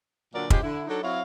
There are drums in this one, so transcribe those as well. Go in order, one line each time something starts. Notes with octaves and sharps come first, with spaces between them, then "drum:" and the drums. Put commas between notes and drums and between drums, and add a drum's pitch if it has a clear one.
A#2 D3 F#3 A4 A#4 D5
C#3 F3 G#3 G4 G#4, drum: kick
D3 E4
F#3 D4 D#4 A4
F#3 C4 E4 C#5 F5